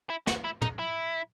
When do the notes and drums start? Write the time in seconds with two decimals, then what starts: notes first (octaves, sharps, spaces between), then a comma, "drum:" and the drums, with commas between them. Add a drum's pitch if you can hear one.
0.10 E4
0.27 F#4, drum: snare
0.44 E4
0.62 D#4, drum: tom
0.79 E4